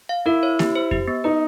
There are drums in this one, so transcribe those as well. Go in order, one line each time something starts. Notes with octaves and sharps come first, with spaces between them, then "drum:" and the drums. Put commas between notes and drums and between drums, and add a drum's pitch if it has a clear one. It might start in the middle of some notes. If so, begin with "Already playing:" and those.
F5
E4 A#4
C#5
G4, drum: snare A#3
C5
G4, drum: kick F2
B3
D#4 B4